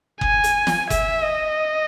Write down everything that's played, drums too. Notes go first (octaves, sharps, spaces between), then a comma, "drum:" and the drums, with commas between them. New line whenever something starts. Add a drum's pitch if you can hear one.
G#5, drum: kick F#1
drum: hi-hat
drum: snare
E5, drum: kick F#1, hi-hat
D#5